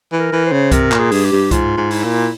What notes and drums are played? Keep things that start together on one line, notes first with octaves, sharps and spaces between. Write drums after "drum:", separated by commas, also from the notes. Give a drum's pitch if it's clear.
E3
A#4
E3
C5
C#3
C3 A#4, drum: kick C2, hi-hat
A#2, drum: clap
G#4
G2, drum: open hi-hat
G4
G2
G#2 F4, drum: kick C2, hi-hat
G#2
E4, drum: open hi-hat
A#2